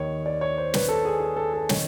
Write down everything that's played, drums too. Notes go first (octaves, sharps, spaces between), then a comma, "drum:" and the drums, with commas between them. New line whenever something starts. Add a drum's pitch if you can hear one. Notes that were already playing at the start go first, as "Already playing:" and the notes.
Already playing: D#2 D#3 C#5
D5
C#5
C5
B4, drum: snare
A4
G#4
G#4
A4
A4
D#3 C#5, drum: snare